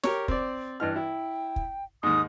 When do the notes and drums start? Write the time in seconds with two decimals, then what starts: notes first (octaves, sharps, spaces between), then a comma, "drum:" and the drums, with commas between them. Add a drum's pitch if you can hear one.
0.03 G4 A#4 C#5, drum: snare
0.28 C4 D5, drum: kick
0.80 G2 E3 D#5 F6
0.96 E4 G5
1.56 drum: kick
2.03 D#2 G#2 D#6